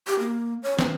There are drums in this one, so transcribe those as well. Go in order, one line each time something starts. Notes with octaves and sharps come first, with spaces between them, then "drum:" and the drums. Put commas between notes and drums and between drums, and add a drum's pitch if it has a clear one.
G4
A#3
C#5
C4, drum: snare